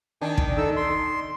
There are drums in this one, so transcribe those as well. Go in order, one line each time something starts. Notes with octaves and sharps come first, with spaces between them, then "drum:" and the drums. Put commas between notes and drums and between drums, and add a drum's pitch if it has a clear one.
D#3 D4 G#5
drum: kick
D#4 A4 E6
C6